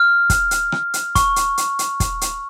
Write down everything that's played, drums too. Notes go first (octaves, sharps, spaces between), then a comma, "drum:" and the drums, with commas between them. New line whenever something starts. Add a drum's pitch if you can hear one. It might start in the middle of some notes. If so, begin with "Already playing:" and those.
Already playing: F6
drum: kick, hi-hat
drum: hi-hat
drum: rim click
drum: hi-hat
C#6, drum: kick, hi-hat
drum: hi-hat
drum: hi-hat
drum: hi-hat
drum: kick, hi-hat
drum: hi-hat